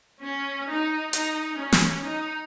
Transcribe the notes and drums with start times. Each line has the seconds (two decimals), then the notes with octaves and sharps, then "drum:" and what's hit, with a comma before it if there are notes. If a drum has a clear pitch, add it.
0.22 C#4
0.68 D#4
1.13 D#4, drum: hi-hat
1.58 C#4
1.72 drum: snare
2.04 D#4